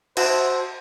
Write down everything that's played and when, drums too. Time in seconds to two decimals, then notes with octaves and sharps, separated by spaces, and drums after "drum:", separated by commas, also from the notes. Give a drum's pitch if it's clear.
0.17 F#4 C5 E5, drum: cymbal